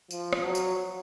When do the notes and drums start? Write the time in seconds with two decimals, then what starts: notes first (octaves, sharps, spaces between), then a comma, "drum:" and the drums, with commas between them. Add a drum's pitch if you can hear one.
0.11 F3, drum: tambourine
0.33 drum: rim click
0.44 F#3
0.55 drum: tambourine